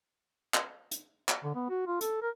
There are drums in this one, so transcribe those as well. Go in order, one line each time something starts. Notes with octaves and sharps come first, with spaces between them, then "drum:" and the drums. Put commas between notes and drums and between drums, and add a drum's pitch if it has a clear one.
drum: clap
drum: hi-hat
drum: clap
D3
B3
F#4
F4
A4, drum: hi-hat
A#4